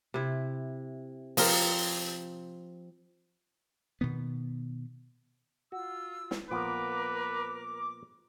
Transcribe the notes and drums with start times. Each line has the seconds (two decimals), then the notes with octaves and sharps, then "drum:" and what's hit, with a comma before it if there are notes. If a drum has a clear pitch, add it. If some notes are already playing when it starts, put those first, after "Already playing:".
0.14 C3 E4
1.37 F3 C4 A#4, drum: open hi-hat
4.01 B2 D#3 B3
5.72 F4 F#4 E6
6.31 drum: snare
6.51 A#2 F3 B3 A#4 B4 D6